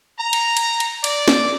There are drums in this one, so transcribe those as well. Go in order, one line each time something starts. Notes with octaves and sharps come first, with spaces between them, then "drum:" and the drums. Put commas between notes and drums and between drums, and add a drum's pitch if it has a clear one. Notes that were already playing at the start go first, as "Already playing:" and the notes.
A#5
drum: cymbal
drum: cymbal
drum: cymbal
D5, drum: cymbal
drum: snare